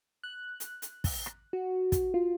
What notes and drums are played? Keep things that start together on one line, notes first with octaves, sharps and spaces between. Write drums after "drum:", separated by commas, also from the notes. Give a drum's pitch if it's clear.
F#6
drum: hi-hat
drum: hi-hat
drum: kick, open hi-hat
drum: rim click
F#4
drum: kick, hi-hat
F4